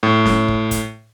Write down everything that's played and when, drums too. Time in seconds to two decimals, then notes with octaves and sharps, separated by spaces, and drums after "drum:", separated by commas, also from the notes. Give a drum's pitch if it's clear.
0.03 A2
0.26 drum: snare
0.48 drum: kick
0.71 drum: kick, hi-hat